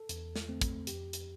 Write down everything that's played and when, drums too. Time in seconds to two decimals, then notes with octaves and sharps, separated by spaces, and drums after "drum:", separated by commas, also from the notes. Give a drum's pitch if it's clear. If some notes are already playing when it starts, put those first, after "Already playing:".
Already playing: A4
0.09 E2, drum: hi-hat
0.36 drum: snare
0.49 D3 A3 C4
0.61 drum: kick, hi-hat
0.87 F2 G4, drum: hi-hat
1.13 drum: hi-hat